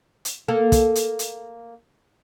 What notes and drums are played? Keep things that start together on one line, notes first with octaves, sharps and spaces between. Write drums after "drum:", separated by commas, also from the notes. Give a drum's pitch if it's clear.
drum: hi-hat
A#3 A4
drum: kick, hi-hat
drum: hi-hat
drum: hi-hat